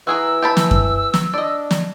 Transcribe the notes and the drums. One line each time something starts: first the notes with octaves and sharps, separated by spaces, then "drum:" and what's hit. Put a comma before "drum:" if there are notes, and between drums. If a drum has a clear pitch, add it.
E3 F#4 G#4 A#4 E6
G4 A5 B5
drum: snare
drum: kick F#2
drum: snare
D4 D5 D#5
drum: snare